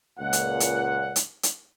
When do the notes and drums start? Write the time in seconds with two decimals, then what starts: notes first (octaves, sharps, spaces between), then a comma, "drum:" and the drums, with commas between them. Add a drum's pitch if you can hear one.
0.19 C#2 A#2 F#5
0.33 drum: hi-hat
0.60 drum: hi-hat
1.16 drum: hi-hat
1.43 drum: hi-hat